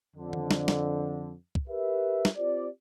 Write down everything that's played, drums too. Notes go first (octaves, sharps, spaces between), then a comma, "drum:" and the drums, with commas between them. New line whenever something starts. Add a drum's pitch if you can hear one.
F2 D3
drum: tom D#3
drum: snare
drum: snare
drum: kick
G4 A#4 B4 E5
drum: snare
C4 F4 G4 C5 D5